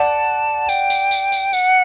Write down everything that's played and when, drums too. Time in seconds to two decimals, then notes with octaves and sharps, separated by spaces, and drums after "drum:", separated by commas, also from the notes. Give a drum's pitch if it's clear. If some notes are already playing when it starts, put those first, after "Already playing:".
Already playing: D5 F#5 A5
0.69 G5, drum: tambourine
0.90 drum: tambourine
1.11 drum: tambourine
1.32 drum: tambourine
1.53 F#5, drum: tambourine